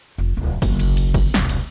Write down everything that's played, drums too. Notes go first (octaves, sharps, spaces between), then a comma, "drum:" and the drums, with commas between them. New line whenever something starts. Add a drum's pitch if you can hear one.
F1
D1 C2
F#1 B1, drum: kick G1, cymbal
drum: cymbal
drum: cymbal
drum: kick G1, cymbal
E1 C2, drum: snare
drum: cymbal